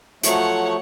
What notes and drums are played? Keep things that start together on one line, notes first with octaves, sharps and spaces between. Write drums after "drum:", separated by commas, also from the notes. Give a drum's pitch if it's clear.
F3 F#3 A3 C#5 F#5, drum: hi-hat